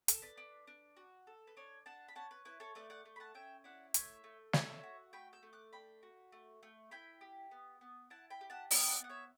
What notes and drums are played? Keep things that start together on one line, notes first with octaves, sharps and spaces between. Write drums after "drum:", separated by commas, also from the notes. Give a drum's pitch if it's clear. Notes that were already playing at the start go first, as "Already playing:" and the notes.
A4, drum: hi-hat
B4 D5
D4
D4
F#4
A4
B4
D4 A4 C#5
D4 F#5 A5
B5
C#4 F#5 A5
B4
E4 B4
A4 C#5
A3 B4 D5
D5 F#5
A3
B5
F#5 A5
C#4 E5 G5
E4 D5 F#5
A3 C#5 E5, drum: hi-hat
A3
D4 C#5 E5, drum: snare
F#4
A3 G5 B5
E6 G6
A3
D6 F#6
D4 G5 B5
F#4
A3
A3
E4 G5 B5
G4
B3
B3
E4 F#5 A5
G5 B5
G4
F#5 A5
B3 E5 G5, drum: open hi-hat
D5 F#5
B3 F#5
C#5 E5